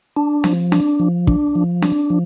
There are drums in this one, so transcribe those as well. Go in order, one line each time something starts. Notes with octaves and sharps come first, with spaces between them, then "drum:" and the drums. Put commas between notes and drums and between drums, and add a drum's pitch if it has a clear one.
D4
F3, drum: snare
D4, drum: snare
F3
D4, drum: kick
F3
D4, drum: snare
F3